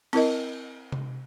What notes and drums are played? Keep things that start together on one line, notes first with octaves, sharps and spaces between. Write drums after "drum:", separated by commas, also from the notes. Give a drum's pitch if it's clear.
C4 E4 A#4 D#5, drum: cymbal
drum: tom C3